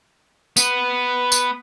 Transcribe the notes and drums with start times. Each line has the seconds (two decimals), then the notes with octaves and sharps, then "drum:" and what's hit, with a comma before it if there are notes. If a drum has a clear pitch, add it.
0.57 B3, drum: tambourine
1.32 drum: tambourine